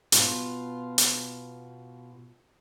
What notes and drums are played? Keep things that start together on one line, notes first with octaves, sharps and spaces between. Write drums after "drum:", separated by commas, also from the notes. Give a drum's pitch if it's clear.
B2 F4, drum: hi-hat
drum: hi-hat